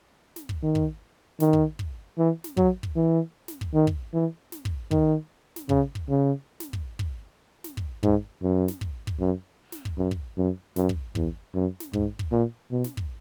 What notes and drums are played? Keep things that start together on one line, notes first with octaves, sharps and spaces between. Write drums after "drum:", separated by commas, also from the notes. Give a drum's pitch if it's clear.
drum: snare
drum: kick
D#3
drum: kick
D#3, drum: snare
drum: kick
drum: kick
E3
drum: snare
F#3, drum: kick
drum: kick
E3
drum: snare
drum: kick
D#3
drum: kick
E3
drum: snare
drum: kick
D#3, drum: kick
drum: snare
C#3, drum: kick
drum: kick
C#3
drum: snare
drum: kick
drum: kick
drum: snare
drum: kick
G#2, drum: kick
F#2
drum: snare
drum: kick
drum: kick
F#2
drum: snare
drum: kick
F#2
drum: kick
F#2
F#2, drum: snare
drum: kick
E2, drum: kick
F#2
drum: snare
G#2, drum: kick
drum: kick
A#2
B2
drum: snare
drum: kick